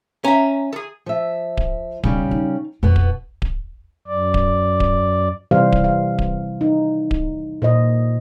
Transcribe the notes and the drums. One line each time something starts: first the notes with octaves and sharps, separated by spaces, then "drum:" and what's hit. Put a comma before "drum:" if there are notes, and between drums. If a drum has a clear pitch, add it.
C#4 E5 A#5
G#4 A4
F3 E5
drum: kick D1
B1 C#3 G3 C#4, drum: kick D1
D#4
F2 B2 B3
drum: kick D1
drum: kick D1
F#2 D5
drum: kick D1
drum: kick D1
C3 E3 G3 C5 F5
drum: kick D1
F5
drum: kick D1
D#4
drum: kick D1
A#2 C5 D#5